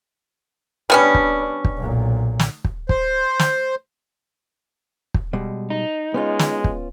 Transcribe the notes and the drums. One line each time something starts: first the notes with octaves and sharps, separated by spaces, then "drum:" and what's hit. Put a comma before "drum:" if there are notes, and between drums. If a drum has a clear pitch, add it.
G3 B3 C#4 D4
drum: kick
drum: kick
B1 A#2
drum: snare
drum: kick
C5, drum: kick
drum: snare
drum: kick
B2 G3 G#3
D#4
G#3 B3 C#4 F4
drum: snare
drum: kick